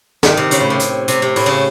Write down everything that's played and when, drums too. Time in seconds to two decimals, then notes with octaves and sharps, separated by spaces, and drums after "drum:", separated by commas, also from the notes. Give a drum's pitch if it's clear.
0.23 D#3, drum: snare
0.37 C3
0.51 C#3, drum: hi-hat
0.60 A2
0.70 C3
0.80 drum: hi-hat
1.08 C3, drum: hi-hat
1.22 C3
1.36 A2, drum: open hi-hat
1.46 C#3